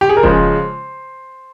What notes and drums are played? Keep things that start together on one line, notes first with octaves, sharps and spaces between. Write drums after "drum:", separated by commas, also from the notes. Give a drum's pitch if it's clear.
G4
G#4
A#4
C#3 F3 G#3 C5, drum: kick E1